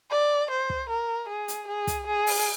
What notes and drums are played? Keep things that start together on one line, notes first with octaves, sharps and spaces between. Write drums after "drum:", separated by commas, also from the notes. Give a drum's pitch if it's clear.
D5
C5
drum: kick
A#4
G#4
drum: hi-hat
G#4
drum: kick, hi-hat
G#4
drum: open hi-hat